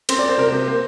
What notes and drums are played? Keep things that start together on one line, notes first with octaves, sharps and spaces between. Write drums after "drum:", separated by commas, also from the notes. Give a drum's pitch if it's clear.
C4 C6, drum: cymbal
D5
C4
C5
C3 A#4
C5
C3
A#3 C5